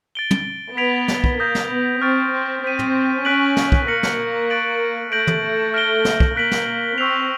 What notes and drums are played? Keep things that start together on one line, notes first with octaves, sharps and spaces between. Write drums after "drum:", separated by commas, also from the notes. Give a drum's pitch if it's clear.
A6 D7 G7
drum: tom
B3 G#6 B6 D7 F7
drum: snare
drum: kick
A#3 D#6 G6 A#6
drum: snare
B3
C4 C#6 F6 A6 D7
C4
C4 G6 B6 D#7
drum: tom
C#4 C#6 F#6 B6 D7 F#7
drum: snare
drum: kick
A#3 F6 A#6 C#7 F#7
drum: snare
C#6 F#6 A6 D7 F#7
A3 G6 A#6 D7 F#7
drum: tom
A3
F6 A#6 D7 G7
drum: snare
drum: kick
A#3 F#6 B6 D7 F#7
drum: snare
C4 C#6 E6 G6 C7 F7